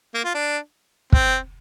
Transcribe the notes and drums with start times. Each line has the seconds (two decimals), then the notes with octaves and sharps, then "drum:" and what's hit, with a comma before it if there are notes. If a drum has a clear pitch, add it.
0.14 A#3
0.24 F4
0.34 D4
1.12 C4, drum: kick